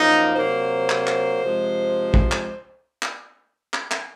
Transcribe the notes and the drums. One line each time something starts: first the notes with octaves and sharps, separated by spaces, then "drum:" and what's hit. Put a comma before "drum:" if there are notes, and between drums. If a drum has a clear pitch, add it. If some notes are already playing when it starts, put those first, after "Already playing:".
Already playing: F#2 F3 A#3 D#4
C3 F#3 A#3 C5
drum: clap
drum: clap
C3 F3 G#3
drum: kick
drum: clap
drum: clap
drum: clap
drum: clap